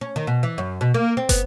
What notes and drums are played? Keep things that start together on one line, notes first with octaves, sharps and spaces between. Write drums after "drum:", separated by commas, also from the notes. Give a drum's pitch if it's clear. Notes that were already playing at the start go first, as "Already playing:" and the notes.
C#4
D#3
B2
E3
F#2
B2
A#3
C4
B3, drum: kick, hi-hat